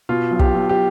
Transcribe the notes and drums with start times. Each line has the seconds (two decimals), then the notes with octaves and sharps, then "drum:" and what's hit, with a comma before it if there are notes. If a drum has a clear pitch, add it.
0.09 B2 F4
0.31 B1
0.39 G4, drum: kick
0.54 B1
0.69 G4